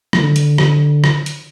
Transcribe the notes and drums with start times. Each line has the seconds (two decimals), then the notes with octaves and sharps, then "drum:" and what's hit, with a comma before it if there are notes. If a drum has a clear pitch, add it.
0.13 D3, drum: rim click
0.36 drum: hi-hat
0.58 drum: rim click
1.04 drum: rim click
1.26 drum: hi-hat